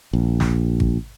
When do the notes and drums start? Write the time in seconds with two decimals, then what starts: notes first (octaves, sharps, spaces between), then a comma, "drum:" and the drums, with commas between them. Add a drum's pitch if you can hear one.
0.13 A#1
0.40 drum: snare
0.80 drum: kick G#1